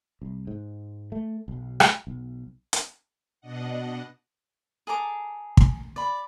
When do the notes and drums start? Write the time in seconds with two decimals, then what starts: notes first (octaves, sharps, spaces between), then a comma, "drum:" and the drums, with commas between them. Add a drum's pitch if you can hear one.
0.22 C2
0.47 G#2
1.12 A3
1.48 B1
1.80 drum: rim click
2.07 B1
2.73 drum: hi-hat
3.41 B2 D4 D#5 F#5
4.87 G#4 A4 A#5 D6
5.57 drum: kick
5.96 D5 B5